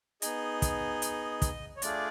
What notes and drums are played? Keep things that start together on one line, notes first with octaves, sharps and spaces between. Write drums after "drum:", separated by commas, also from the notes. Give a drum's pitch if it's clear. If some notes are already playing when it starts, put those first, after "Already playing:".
B3 D#4 G#4 D#5, drum: hi-hat
drum: kick, hi-hat
drum: hi-hat
drum: kick, hi-hat
C#5
A3 D4 F4 G#4 D5, drum: hi-hat